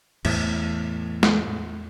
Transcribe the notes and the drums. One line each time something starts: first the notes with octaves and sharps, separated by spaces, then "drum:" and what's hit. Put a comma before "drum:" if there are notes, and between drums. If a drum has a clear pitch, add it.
E2 A2, drum: cymbal
drum: snare